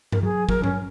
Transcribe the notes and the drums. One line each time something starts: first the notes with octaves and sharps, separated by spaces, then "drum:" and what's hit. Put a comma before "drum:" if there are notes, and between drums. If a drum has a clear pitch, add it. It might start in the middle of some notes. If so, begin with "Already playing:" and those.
A#4, drum: tom G2
F#3 G#4
F#3 A#4, drum: kick
C#4, drum: tom G2